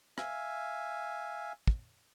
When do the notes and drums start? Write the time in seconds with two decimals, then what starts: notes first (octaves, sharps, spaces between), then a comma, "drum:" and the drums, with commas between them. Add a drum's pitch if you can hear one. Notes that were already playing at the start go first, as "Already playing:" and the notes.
0.18 E5 F5 G#5, drum: rim click
1.67 drum: kick